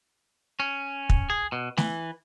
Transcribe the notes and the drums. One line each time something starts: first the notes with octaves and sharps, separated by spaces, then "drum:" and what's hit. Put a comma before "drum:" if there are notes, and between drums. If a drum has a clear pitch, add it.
C#4
drum: kick
G#4
B2
E3, drum: snare A3